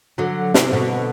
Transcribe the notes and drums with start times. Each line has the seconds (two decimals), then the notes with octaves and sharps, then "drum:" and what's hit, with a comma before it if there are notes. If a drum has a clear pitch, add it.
0.18 D3 F#3
0.54 C3 E3, drum: snare
0.72 B2 D3